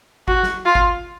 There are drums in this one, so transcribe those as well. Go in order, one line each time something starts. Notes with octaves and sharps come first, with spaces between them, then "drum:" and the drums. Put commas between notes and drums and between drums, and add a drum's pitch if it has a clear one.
F#4, drum: kick
drum: snare
F4
drum: kick